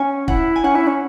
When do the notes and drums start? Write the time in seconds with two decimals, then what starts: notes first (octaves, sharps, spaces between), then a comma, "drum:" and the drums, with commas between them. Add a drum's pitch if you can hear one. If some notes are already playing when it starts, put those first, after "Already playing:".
Already playing: C#4 C#5 F#5 G#5
0.28 E4 F#5, drum: kick
0.56 G#5
0.64 C#4 F#5
0.75 E4
0.87 C#4